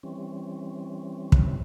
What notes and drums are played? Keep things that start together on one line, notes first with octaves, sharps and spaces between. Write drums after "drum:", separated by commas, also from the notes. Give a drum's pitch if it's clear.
E3 G3 C4 C#4
drum: kick